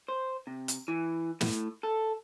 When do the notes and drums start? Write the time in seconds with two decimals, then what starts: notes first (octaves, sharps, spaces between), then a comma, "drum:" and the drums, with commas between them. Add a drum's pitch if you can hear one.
0.08 C5
0.47 C3
0.68 drum: hi-hat
0.88 E3
1.41 A2, drum: snare
1.83 A4